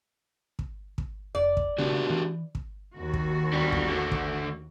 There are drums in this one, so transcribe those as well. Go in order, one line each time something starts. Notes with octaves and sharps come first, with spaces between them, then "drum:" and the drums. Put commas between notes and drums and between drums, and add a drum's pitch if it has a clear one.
drum: kick
drum: kick
F1 D5
drum: kick
C#3 A#3 D4 F#4 G4
E3
drum: kick
D#2 F#4
drum: kick
D3 G3
drum: kick
D2 D3
drum: kick